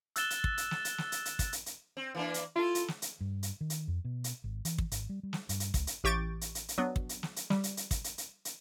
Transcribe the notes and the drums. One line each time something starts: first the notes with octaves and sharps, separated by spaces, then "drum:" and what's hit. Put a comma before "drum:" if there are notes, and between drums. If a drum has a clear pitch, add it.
E6 F#6 A6 E7 G7, drum: hi-hat
drum: hi-hat
drum: kick
drum: hi-hat
drum: snare
drum: hi-hat
drum: snare
drum: hi-hat
drum: hi-hat
drum: kick, hi-hat
drum: hi-hat
drum: hi-hat
C4
E3 A#3 D4
drum: hi-hat
E4 F4 A4
drum: hi-hat
drum: snare
drum: hi-hat
G2
drum: hi-hat
D#3
drum: hi-hat
F2
B2
drum: hi-hat
G#1
E3, drum: hi-hat
drum: kick
G#1, drum: hi-hat
G3
G3
drum: snare
G2, drum: hi-hat
drum: hi-hat
C#2, drum: kick, hi-hat
drum: hi-hat
A1 G4 C#6 G6 A6 D7
drum: hi-hat
drum: hi-hat
drum: hi-hat
F#3 B3 D4
drum: kick
drum: hi-hat
drum: snare
drum: hi-hat
G3, drum: snare
drum: hi-hat
drum: hi-hat
drum: kick, hi-hat
drum: hi-hat
drum: hi-hat
drum: hi-hat